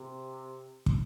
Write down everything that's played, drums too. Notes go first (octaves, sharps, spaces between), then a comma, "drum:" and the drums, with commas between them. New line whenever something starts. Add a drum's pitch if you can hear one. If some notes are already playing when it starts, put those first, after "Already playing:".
Already playing: C3
drum: kick